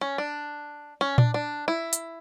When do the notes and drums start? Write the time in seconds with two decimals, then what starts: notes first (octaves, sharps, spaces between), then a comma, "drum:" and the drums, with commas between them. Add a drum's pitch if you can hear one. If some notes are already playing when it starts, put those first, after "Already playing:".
0.01 C#4
0.18 D4
1.01 C#4
1.18 D4, drum: tom A#2
1.34 D4
1.68 E4
1.93 drum: hi-hat